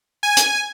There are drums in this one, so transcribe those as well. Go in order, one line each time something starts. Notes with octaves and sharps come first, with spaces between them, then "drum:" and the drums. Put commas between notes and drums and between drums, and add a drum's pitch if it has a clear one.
G#5
drum: hi-hat